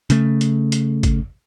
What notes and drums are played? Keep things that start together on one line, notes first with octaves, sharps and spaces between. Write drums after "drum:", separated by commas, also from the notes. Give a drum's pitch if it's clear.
C#3 A3, drum: hi-hat
drum: hi-hat
drum: hi-hat
drum: kick G#1, hi-hat